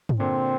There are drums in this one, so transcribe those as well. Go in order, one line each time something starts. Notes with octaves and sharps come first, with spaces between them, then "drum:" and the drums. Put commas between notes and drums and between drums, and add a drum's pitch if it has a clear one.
drum: tom
A#2 D3 C4